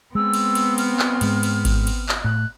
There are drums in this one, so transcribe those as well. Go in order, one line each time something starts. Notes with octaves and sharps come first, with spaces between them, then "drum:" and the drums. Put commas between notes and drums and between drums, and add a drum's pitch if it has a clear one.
G#3 B3 C4 E6
drum: cymbal
drum: cymbal
F6, drum: cymbal
drum: clap
G#2 G#3, drum: cymbal
drum: cymbal
drum: kick G#1, cymbal
drum: cymbal
drum: clap
A2 F#6